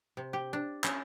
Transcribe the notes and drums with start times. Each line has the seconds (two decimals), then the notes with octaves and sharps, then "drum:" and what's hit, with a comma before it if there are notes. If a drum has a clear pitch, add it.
0.17 C3
0.33 G4
0.53 D4
0.84 C#4, drum: clap